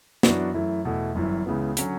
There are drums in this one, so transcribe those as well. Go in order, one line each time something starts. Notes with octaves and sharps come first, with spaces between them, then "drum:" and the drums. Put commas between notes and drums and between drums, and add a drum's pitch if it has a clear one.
F#2 E3 B3 D4 F#4, drum: snare
F#2 E3 A3 E4
E2 B2 A3 E4
G1 F#2 E3
C#2 C#3 E3 B3
D3 F#3 C#4, drum: hi-hat